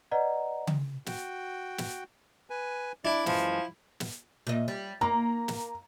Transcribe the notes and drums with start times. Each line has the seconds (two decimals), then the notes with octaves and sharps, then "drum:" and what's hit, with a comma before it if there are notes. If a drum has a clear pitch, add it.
0.11 B4 D5 D#5 F#5 A#5
0.67 drum: tom C#3
1.06 F#4 G5, drum: snare
1.78 drum: snare
2.50 B4 G#5
3.05 D4 E4 D5 D6
3.26 F#2 E3 F3 G#3, drum: snare
4.00 drum: snare
4.47 A#2 D#5
4.68 G3
5.01 A#3 A#5
5.48 drum: snare